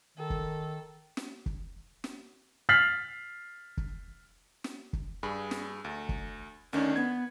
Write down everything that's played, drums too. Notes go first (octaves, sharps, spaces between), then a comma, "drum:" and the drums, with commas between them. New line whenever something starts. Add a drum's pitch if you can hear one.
D#3 A4
drum: kick
drum: snare
drum: kick
drum: snare
F6 A6 B6 C7 F#7
drum: kick
drum: snare
drum: kick
G2 G#4 B5
drum: snare
D2
drum: kick
D2 D#3 C#4 D4
B3 G#6